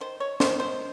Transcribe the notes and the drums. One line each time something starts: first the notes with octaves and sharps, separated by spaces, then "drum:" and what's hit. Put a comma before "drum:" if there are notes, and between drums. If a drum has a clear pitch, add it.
D#3 C5
C#5
D#3 C5, drum: snare
C5